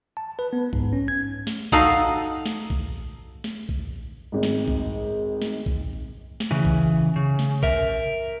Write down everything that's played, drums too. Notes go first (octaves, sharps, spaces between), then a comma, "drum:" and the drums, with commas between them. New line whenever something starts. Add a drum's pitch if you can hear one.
A5
B4
B3
G#2, drum: kick A#1
C#4
G#6
drum: snare
D#4 F#4 A4 D#5 F5, drum: kick A#1
drum: snare
drum: kick A#1
drum: snare
drum: kick A#1
G#1 G#2
drum: snare
drum: kick A#1
drum: snare
drum: kick A#1
drum: snare
C#3 E3
drum: kick A#1
C#3
drum: snare
A#4 E5, drum: kick A#1